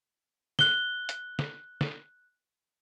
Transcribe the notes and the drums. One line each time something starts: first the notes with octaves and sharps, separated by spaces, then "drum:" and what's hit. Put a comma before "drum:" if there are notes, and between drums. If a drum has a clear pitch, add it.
F#6 G7, drum: snare
drum: hi-hat
drum: snare
drum: snare